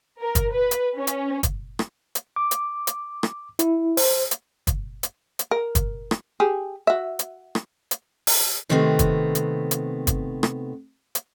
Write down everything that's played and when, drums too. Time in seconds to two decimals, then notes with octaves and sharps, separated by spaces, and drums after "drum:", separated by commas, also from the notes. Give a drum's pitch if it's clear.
0.21 A#4
0.35 drum: kick, hi-hat
0.54 B4
0.71 drum: hi-hat
0.98 C#4
1.07 drum: hi-hat
1.43 drum: kick, hi-hat
1.79 drum: rim click
2.15 drum: hi-hat
2.36 D6
2.51 drum: hi-hat
2.87 drum: hi-hat
3.23 drum: rim click
3.59 E4, drum: hi-hat
3.97 C5, drum: open hi-hat
4.31 drum: hi-hat
4.67 drum: kick, hi-hat
5.03 drum: hi-hat
5.39 drum: hi-hat
5.51 A#4
5.75 drum: kick, hi-hat
6.11 drum: rim click
6.40 G4 G#4
6.87 F#4 E5
7.19 drum: hi-hat
7.55 drum: rim click
7.91 drum: hi-hat
8.27 drum: open hi-hat
8.69 C3 D#3 G3 A3 B3 C4
8.99 drum: kick, hi-hat
9.35 drum: hi-hat
9.71 drum: hi-hat
10.07 drum: kick, hi-hat
10.43 drum: rim click
11.15 drum: hi-hat